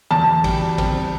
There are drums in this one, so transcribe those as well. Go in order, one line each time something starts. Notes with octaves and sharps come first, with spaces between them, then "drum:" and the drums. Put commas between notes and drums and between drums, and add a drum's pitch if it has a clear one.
E2 A5, drum: tom D#3
G3, drum: kick A1, cymbal
C4, drum: kick A1, cymbal